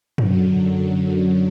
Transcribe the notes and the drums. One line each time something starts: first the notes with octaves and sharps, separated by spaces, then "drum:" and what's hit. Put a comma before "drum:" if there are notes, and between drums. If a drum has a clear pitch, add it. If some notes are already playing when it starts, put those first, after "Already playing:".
F#2 D3 F#3, drum: tom